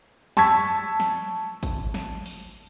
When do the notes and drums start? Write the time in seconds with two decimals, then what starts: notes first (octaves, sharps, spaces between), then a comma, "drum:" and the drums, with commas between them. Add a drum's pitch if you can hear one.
0.37 A5 C#6 E6 G#6 B6, drum: snare
1.00 drum: snare
1.63 drum: kick G#1, hi-hat
1.94 drum: snare
2.26 drum: open hi-hat